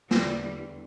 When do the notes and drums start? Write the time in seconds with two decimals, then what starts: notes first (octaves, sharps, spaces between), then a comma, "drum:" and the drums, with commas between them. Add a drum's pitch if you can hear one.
0.11 E2 D3 G3, drum: snare